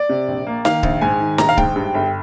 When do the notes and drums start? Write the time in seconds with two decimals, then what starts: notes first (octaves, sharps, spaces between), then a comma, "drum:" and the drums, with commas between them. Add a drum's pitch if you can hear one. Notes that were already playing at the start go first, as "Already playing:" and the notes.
Already playing: D5
0.09 C3
0.28 A#1
0.47 A#3
0.65 D#3 F5, drum: snare
0.83 A#1, drum: kick C#1
1.01 G#2 G#5
1.20 D#3
1.38 A#1 A#5, drum: snare
1.49 F5
1.57 G#2 G5, drum: kick C#1
1.76 G2
1.95 G1